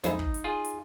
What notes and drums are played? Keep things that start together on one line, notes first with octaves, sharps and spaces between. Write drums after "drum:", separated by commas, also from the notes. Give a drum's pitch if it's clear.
F3 G#3 D#4 E4, drum: snare
drum: kick
drum: hi-hat
F4 G#4
drum: hi-hat